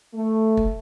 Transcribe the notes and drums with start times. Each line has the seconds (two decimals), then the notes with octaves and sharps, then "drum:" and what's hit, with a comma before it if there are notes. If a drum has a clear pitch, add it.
0.14 A3
0.57 drum: kick